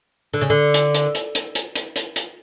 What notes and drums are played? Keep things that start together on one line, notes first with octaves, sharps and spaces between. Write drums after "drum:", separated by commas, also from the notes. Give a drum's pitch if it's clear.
D3
C#3
D3
drum: hi-hat
drum: hi-hat
drum: hi-hat
drum: hi-hat
drum: hi-hat
drum: hi-hat
drum: hi-hat
drum: hi-hat